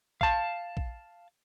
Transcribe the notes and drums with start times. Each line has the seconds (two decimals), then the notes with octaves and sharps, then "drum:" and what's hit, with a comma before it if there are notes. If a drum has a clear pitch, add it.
0.21 F5 A5, drum: kick A#1
0.77 drum: kick A#1